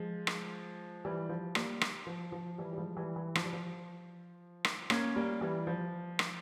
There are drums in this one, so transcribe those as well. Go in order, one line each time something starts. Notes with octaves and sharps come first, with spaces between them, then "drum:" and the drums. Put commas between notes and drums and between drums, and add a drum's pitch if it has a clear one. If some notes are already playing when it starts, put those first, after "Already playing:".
Already playing: F3 G#3
drum: rim click
E3 G3
F3
G3 A#3, drum: rim click
drum: rim click
F3
F3
E3 G3
G3
F3 G#3
E3 G3
E3
F3, drum: rim click
G3
F3
drum: rim click
A#3 C#4, drum: rim click
G3 A#3
E3 G3
F3
drum: rim click